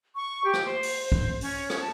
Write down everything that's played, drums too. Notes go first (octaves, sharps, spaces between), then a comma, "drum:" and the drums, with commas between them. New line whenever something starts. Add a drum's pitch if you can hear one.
C#6
G4
drum: rim click
C5
drum: open hi-hat
C5
drum: kick
C#4, drum: open hi-hat
drum: rim click
A5